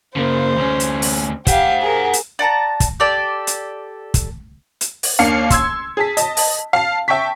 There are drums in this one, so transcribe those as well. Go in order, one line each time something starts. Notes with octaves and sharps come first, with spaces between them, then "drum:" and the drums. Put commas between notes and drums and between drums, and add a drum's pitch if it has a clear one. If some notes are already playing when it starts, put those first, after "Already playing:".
C#3 A#3 C5
D2 C#4
drum: hi-hat
drum: open hi-hat
G4 C5 F5 F#5, drum: kick, hi-hat
G#4 A#4
drum: hi-hat
D5 F#5 A5 A#5
drum: kick, hi-hat
G4 A4 D5 A5
drum: hi-hat
drum: kick, hi-hat
drum: hi-hat
drum: open hi-hat
D#2 A#3 D4 F5 C#7
C6 E6 G#6, drum: kick, hi-hat
G#4 A5 B6
D#5 A5, drum: hi-hat
drum: open hi-hat
F5 A5
E5 G5 A5 C#6 B6